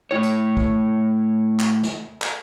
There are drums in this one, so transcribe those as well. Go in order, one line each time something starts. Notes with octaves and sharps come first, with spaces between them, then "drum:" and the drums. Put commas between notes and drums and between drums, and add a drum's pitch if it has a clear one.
A2 E4 C#5
drum: hi-hat
drum: kick
drum: clap
drum: snare
drum: clap